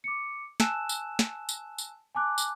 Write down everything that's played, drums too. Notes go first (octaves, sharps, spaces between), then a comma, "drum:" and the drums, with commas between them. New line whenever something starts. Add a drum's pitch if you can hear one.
D6 C#7
G#5 A5 E6 F#6 E7, drum: snare
drum: tambourine
drum: snare
drum: tambourine
drum: tambourine
G#5 A5 D6 F#6
drum: tambourine